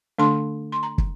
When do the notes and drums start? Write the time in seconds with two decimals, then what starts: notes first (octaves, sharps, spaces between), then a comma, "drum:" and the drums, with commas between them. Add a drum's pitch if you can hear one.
0.18 D3 A3 D4 C6
0.72 C6
0.83 A#5
0.98 drum: kick